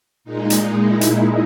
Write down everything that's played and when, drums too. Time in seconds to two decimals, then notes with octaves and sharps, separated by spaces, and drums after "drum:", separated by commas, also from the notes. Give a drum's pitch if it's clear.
0.24 A#2 G#3 D#4
0.50 drum: hi-hat
0.76 E4
1.01 drum: hi-hat